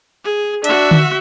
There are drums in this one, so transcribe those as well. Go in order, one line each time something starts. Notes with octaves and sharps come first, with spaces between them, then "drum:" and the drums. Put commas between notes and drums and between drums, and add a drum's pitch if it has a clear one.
G#4
D4 F#4 E5, drum: hi-hat
drum: tom D3